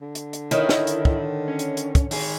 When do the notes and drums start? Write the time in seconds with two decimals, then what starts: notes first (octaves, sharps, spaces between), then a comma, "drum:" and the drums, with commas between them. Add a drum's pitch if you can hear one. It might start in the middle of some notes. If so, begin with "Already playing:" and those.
0.01 D3
0.15 drum: hi-hat
0.33 drum: hi-hat
0.51 D#3 E4 C#5, drum: hi-hat
0.69 drum: snare
0.87 drum: hi-hat
1.05 drum: kick
1.48 C#4
1.59 drum: hi-hat
1.77 drum: hi-hat
1.95 drum: kick, hi-hat
2.11 D#3 G#4, drum: open hi-hat